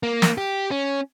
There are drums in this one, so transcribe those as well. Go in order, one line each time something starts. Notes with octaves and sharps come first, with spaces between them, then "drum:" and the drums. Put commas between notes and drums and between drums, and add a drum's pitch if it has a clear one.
A#3
drum: snare
G4
C#4